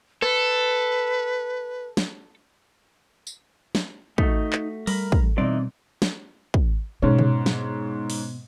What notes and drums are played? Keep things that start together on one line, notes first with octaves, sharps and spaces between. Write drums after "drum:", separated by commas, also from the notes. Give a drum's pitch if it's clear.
A4 B4, drum: rim click
drum: snare
drum: tambourine
drum: snare
A3 D#4 F#4, drum: kick
drum: clap
G3 A#4 B5, drum: open hi-hat
drum: kick
B2 E3 G3 C4 D#4 D5
drum: snare
drum: kick
G#2 B2 C#4
drum: tom B2
drum: snare
drum: open hi-hat